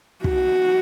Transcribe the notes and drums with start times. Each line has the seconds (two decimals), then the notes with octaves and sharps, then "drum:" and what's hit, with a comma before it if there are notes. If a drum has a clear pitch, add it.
0.24 F#4, drum: kick